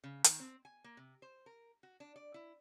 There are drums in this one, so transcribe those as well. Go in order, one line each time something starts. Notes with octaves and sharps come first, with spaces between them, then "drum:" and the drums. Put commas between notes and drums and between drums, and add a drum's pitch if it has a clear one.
C#3
D#3, drum: hi-hat
C4
G#5
A#3
C3
C5
A#4
F#4
D4
D5
E4